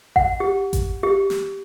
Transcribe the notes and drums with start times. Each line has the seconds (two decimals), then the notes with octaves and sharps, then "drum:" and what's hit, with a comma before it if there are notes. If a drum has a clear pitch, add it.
0.16 F#5, drum: kick G#1
0.40 G4
0.73 drum: kick G#1, hi-hat
1.03 G4
1.30 drum: snare